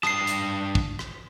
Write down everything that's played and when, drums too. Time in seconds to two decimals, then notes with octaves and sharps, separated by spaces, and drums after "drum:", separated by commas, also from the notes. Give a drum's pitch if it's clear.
0.03 G2 A5 D#6 C7, drum: rim click
0.27 drum: hi-hat
0.75 drum: kick
0.99 drum: rim click